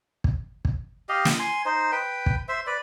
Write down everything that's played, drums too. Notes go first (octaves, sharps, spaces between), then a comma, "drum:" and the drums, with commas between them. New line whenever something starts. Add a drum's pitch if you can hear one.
drum: kick
drum: kick
G4 D#5 F5
drum: snare
G#5 C6
D#4 C5
B4 G5
drum: kick
C5 E5
B4 D5